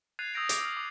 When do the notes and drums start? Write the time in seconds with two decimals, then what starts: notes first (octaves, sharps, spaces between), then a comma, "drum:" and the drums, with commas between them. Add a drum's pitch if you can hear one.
0.19 F#6 G#6 A6 C7 D#7 F7
0.34 D#6 E6 G6 A#6 D7 F7
0.49 D6 G6 D7, drum: hi-hat
0.61 E6 F6
0.77 D6